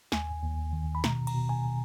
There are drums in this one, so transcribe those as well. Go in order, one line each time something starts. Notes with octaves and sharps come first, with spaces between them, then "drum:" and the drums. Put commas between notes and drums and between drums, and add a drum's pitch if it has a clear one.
D#2 G#5, drum: snare
D#2
D#3
B5
B2 A#5, drum: snare
A#5, drum: cymbal
B2
G#5